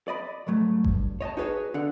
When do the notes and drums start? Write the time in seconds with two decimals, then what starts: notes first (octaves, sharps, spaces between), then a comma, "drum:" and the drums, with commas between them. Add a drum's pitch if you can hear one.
0.08 D5 D#5 B5
0.47 C2 G#2 F#3 A3
0.84 G2, drum: kick G1
1.21 C#5 D#5 G5 A5
1.37 D#4 F#4 G#4 B4 C#5 D#5
1.74 D3 F#5